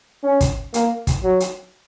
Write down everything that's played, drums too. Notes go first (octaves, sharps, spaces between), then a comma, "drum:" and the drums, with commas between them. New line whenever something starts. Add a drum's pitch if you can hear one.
C#4
drum: kick, hi-hat
A#3, drum: hi-hat
drum: kick, hi-hat
F#3
drum: hi-hat